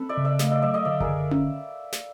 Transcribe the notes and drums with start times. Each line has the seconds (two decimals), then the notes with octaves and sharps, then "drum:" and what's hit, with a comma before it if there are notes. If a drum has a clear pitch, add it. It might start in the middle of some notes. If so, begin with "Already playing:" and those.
Already playing: C4 A4 B4
0.09 D5 E5
0.17 C#3
0.25 D5 E5
0.39 A3 D#5 F5, drum: snare
0.51 D5 E5
0.62 F#3 D5 E5
0.74 D#5 F5
0.85 D3 D5 E5
1.00 G#4 A#4, drum: kick F#1
1.09 D3
1.31 drum: tom C#4
1.93 drum: snare